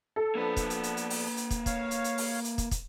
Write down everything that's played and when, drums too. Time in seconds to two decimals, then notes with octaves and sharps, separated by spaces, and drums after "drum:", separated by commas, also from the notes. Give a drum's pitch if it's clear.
0.16 A4
0.35 F3 A#3 B3 D4 B4
0.57 drum: kick, hi-hat
0.70 drum: hi-hat
0.83 drum: hi-hat
0.97 drum: hi-hat
1.10 drum: open hi-hat
1.37 drum: hi-hat
1.51 drum: kick, hi-hat
1.66 C#5 F5, drum: kick, hi-hat
1.91 drum: hi-hat
2.04 drum: hi-hat
2.18 drum: open hi-hat
2.45 drum: hi-hat
2.58 drum: kick, hi-hat
2.71 drum: kick, hi-hat